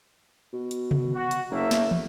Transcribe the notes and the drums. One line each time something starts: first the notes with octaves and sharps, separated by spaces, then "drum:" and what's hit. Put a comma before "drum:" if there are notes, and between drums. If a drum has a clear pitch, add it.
B2
drum: hi-hat
drum: tom C3
F#4
drum: hi-hat
F#1 A3 A#3 E5
drum: snare
drum: tom